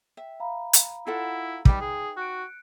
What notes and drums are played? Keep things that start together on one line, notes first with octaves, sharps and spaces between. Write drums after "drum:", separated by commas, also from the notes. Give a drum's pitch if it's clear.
E5 G5
F5 A#5 B5
drum: hi-hat
E4 F4 A4 F#5
G3 D#4 B4 G5, drum: kick
G#4
F#4 F#6 C#7 D7